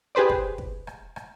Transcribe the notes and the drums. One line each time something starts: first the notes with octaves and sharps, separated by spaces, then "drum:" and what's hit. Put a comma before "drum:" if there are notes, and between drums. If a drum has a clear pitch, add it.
G4 G#4 B4 C5 D5
drum: kick
drum: kick
drum: rim click
drum: rim click